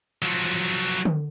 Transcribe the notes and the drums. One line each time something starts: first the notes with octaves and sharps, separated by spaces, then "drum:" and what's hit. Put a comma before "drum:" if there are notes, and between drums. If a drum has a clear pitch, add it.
F3 F#3
drum: tom D3